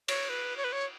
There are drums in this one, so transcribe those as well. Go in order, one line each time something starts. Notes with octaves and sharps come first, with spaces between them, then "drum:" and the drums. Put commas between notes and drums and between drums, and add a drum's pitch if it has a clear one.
C#5, drum: cymbal
B4
C#5
B4
C#5